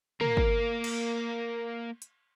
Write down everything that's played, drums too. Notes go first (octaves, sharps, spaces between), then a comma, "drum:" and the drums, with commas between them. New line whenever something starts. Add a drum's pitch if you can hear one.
A#3 A#4, drum: tom
drum: kick
drum: cymbal
drum: hi-hat